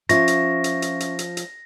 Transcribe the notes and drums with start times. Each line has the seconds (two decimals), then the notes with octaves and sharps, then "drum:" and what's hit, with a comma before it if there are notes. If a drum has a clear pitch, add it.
0.09 F3 C#4 F4 E5 C#6 A#6, drum: hi-hat
0.28 drum: hi-hat
0.64 drum: hi-hat
0.82 drum: hi-hat
1.00 drum: hi-hat
1.19 drum: hi-hat
1.37 drum: hi-hat